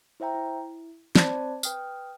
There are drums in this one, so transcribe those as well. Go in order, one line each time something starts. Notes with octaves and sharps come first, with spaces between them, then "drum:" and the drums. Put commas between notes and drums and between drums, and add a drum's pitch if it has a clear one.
E4 C5 E5 G5 A#5
E4
C4 C5 D5 A5 B5, drum: snare
B4 G5 D#6 F6, drum: tambourine